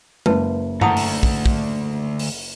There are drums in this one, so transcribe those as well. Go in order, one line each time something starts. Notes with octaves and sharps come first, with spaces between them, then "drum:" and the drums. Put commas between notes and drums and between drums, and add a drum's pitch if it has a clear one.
F#1 B4 A5, drum: tom G#3
D2 E4 F#5 A5 A#5 D#6, drum: tom G2
drum: open hi-hat
drum: kick
drum: kick
drum: open hi-hat